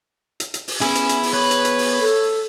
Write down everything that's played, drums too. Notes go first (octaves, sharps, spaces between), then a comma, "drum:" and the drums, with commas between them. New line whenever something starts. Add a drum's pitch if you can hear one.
drum: hi-hat
drum: hi-hat
drum: open hi-hat
B3 C#4 E4 G#4, drum: hi-hat
drum: hi-hat
drum: hi-hat
drum: open hi-hat
B4 C#5
drum: hi-hat
drum: hi-hat
drum: open hi-hat
A4